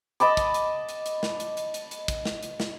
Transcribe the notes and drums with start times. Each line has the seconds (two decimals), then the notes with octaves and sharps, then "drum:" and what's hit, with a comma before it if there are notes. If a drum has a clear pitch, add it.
0.20 D#5 A5 B5 D6, drum: hi-hat
0.37 drum: kick, hi-hat
0.54 drum: hi-hat
0.89 drum: hi-hat
1.06 drum: hi-hat
1.23 drum: snare
1.40 drum: hi-hat
1.57 drum: hi-hat
1.74 drum: hi-hat
1.91 drum: hi-hat
2.08 drum: kick, hi-hat
2.25 drum: snare
2.43 drum: hi-hat
2.60 drum: snare